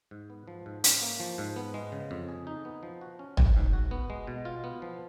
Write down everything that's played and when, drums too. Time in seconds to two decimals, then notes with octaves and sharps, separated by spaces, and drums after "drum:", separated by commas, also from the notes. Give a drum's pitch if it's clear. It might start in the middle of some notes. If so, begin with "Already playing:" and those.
0.11 G#2
0.30 B3
0.48 F3
0.66 G#2
0.84 C#4, drum: hi-hat
1.02 A#3
1.20 F3
1.38 G#2
1.56 B3
1.74 G#3
1.92 C#3
2.11 F2
2.28 G#4
2.47 D#4
2.65 B3
2.83 F3
3.01 F#4
3.19 C#4
3.37 F#3, drum: tom
3.56 G#2
3.73 F#4
3.91 B3
4.10 G#3
4.27 B2
4.45 F4
4.64 B3
4.82 F3